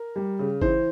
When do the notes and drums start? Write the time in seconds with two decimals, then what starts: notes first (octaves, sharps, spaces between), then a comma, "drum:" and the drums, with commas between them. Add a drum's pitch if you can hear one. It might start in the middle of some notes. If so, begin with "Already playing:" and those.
Already playing: A#4
0.16 G3
0.39 C#3
0.61 E3 C5, drum: kick G1